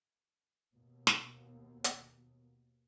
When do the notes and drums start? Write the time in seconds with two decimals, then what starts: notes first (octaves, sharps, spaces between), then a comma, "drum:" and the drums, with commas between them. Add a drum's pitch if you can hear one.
0.75 D#2 B2
1.07 drum: snare
1.84 drum: hi-hat